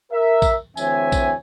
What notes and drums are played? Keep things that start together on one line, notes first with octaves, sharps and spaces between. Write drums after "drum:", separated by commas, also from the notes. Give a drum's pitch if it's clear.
A#4 E5
drum: kick A#1, tambourine
D2 E3 C4 C#5 E5 G#5, drum: tambourine
drum: kick A#1, tambourine